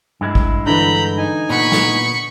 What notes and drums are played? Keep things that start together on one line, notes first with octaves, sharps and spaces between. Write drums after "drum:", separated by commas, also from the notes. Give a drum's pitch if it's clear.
G2 G#3 E4
drum: kick G#1
D3 E3 A#5 B5 G6
D#4 G#5
A#2 B3 B5 C#6
drum: snare